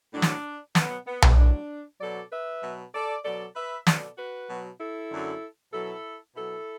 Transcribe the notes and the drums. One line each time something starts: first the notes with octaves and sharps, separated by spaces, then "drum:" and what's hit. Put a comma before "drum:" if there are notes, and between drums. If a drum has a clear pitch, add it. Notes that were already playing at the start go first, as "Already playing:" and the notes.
A2 F#3 D4
drum: snare
B2 F#3 B3, drum: snare
B3
drum: tom B1
A2 F#3 D4
B2 F#3 A4 D5
B4 E5
B2 F#3
A4 D5
B2 F#3 A4 D5
B4 E5
B2 F#3 A4 D5, drum: snare
F#4 B4
B2 F#3
E4 A4
F#2 D3 F#3
B2 F#3 E4 A4
B2 F#3 E4 A4